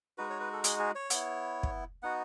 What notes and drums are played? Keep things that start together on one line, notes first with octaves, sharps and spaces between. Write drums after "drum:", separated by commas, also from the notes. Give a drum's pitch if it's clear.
G#3 D#4 F#4 B4
C#5
B4
A4
G#4, drum: hi-hat
G#4
C#5
B3 E4, drum: hi-hat
drum: kick
B3 D#4 F#4 F#5